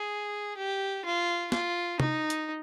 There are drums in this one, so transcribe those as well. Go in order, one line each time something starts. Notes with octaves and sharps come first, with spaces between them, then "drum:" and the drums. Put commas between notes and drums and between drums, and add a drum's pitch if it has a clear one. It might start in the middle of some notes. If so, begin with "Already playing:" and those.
Already playing: G#4
G4
F4
F4, drum: snare
D#4, drum: tom
drum: hi-hat